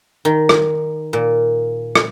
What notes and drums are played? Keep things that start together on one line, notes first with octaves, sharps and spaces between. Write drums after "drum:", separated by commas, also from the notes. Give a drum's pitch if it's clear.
D#3
drum: rim click
A#2
drum: rim click